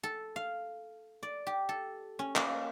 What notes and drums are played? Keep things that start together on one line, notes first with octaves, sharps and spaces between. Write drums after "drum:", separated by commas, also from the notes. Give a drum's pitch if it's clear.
A4
F5
D5
G4
A4
C#4
A#3, drum: clap